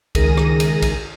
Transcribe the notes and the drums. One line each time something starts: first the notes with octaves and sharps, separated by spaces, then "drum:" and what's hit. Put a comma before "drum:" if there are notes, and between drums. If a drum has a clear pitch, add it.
C#2 D#3 G#4 A#4 A#6 D#7, drum: kick A#1, cymbal
drum: rim click
drum: cymbal
drum: kick A#1, cymbal